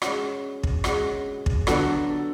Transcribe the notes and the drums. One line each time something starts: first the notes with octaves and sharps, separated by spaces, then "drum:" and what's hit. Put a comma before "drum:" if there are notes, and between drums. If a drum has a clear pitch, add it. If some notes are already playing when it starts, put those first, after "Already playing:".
G#3 C#4 F#4, drum: rim click
drum: kick
G#3 C#4 F#4, drum: rim click
drum: kick
D3 F#3 B3 F#4 A4, drum: rim click